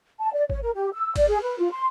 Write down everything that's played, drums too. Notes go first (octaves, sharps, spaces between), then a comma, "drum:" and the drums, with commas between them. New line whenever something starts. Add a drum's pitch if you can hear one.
A5
D5
C#5, drum: kick G#1
A#4
G4
E6
D5, drum: kick G#1, cymbal
G#4
B4
F4
C6